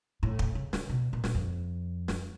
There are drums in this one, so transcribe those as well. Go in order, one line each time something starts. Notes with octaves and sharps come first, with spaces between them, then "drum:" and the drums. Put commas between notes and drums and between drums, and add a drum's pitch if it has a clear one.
A2
drum: kick
C#3
drum: snare
B2
A#2
drum: snare
F2
drum: snare